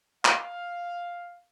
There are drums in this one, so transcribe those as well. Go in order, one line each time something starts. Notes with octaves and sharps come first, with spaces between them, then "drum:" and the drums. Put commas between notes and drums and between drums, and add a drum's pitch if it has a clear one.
F5, drum: clap